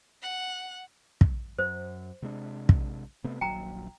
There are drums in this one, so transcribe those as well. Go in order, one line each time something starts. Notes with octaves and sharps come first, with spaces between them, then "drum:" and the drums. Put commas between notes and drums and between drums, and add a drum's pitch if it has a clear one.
F#5
drum: kick
F#2 C5
C3 G#3 D4
drum: kick
C3 A3 B3
D#1 A#1 F#3 G5 A#5